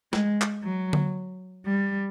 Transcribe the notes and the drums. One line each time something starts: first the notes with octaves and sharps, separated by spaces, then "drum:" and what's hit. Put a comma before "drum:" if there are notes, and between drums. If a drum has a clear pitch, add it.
G#3, drum: snare
drum: clap
F#3
drum: tom D3
G3